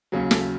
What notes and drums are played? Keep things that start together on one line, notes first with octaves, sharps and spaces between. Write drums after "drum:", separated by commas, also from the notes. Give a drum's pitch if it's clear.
D#2 C#3 F#3
A4, drum: snare